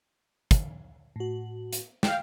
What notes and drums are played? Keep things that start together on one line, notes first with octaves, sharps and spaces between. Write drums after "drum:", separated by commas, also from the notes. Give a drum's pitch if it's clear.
drum: kick, hi-hat
A2 F#4
drum: hi-hat
F5 G5, drum: snare